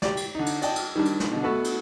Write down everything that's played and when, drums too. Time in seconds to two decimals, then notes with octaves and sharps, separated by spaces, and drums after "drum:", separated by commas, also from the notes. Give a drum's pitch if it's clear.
0.02 G4 D5, drum: snare
0.17 drum: cymbal
0.35 D3 D#4
0.46 drum: cymbal
0.62 D5 D#5 G5 A5, drum: cymbal
0.76 drum: cymbal
0.96 D#3 G3 D4
1.05 drum: cymbal
1.20 drum: snare
1.32 B2 D3
1.43 A3 B3 F#4 A4 B4
1.64 drum: cymbal